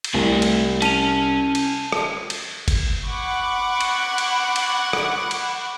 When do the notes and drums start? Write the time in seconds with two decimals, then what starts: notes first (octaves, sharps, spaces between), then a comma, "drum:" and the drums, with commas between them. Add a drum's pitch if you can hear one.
0.04 drum: cymbal
0.14 C2 A3 G#5
0.42 drum: cymbal
0.82 C#4 A5 D#7 F7, drum: cymbal
1.55 drum: cymbal
1.92 drum: rim click
2.30 drum: cymbal
2.68 drum: kick, cymbal
3.05 F#5 B5 C#6 D6
3.81 drum: cymbal
4.18 drum: cymbal
4.56 drum: cymbal
4.93 drum: rim click
5.31 drum: cymbal